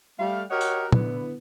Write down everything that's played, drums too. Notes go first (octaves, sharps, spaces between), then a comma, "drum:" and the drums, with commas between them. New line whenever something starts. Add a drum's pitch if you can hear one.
G3 A3 F5
F#4 G4 A#4 C#5 D#5 F#5
drum: tambourine
D3 B3 E4, drum: tom